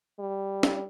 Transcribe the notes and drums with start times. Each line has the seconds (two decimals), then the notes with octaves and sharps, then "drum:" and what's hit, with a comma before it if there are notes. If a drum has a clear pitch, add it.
0.19 G3
0.63 drum: snare